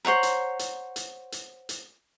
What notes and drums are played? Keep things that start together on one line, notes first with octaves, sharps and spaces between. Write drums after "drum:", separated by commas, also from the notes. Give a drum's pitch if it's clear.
C5 C#5 F#5 A#5
drum: hi-hat
drum: hi-hat
drum: hi-hat
drum: hi-hat
drum: hi-hat